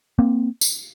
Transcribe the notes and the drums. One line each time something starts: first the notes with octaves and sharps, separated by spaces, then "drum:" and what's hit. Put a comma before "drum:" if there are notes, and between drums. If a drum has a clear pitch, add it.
A#3 C4
drum: tambourine